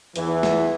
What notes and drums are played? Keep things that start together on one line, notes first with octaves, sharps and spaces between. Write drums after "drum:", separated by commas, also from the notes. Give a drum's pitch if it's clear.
E2 E3, drum: hi-hat
drum: snare